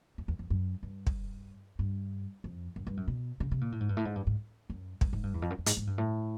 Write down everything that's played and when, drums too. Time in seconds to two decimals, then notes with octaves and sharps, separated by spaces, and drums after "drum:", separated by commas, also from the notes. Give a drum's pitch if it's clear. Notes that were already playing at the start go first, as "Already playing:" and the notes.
0.18 F2
0.28 E2
0.39 F2
0.50 F#2
0.83 G2
1.07 drum: kick
1.79 G2
2.44 F2
2.76 F#2
2.87 G2
2.97 F#2
3.08 B2
3.40 C#3
3.51 C3
3.61 A#2
3.72 A2
3.80 G#2
3.89 G2
3.97 A2
4.05 G#2
4.16 G2
4.27 G#2
4.70 F#2
5.01 G2, drum: kick
5.13 G#2
5.23 G2
5.34 E2
5.42 F2
5.50 F#2
5.58 F2
5.66 G#2, drum: hi-hat
5.77 G#2
5.87 G2
5.98 A2